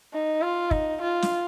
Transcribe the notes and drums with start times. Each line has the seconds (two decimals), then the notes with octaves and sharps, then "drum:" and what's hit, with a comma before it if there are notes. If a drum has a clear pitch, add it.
0.13 D#4
0.42 F4
0.71 D#4, drum: kick
1.01 F4
1.22 drum: snare